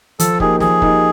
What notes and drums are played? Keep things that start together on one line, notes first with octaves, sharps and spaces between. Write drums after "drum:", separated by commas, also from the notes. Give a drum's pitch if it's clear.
F3 A4, drum: hi-hat
A#3 D#4 G4 G#4, drum: kick
F3 G#4, drum: snare
A#3 D#4 G4, drum: kick